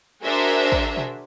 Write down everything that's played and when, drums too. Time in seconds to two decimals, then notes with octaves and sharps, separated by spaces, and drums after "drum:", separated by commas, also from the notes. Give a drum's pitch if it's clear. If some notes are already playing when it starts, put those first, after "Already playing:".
0.22 D4 F#4 G#4 A#4 C5 E5
0.72 drum: kick
0.97 drum: tom B2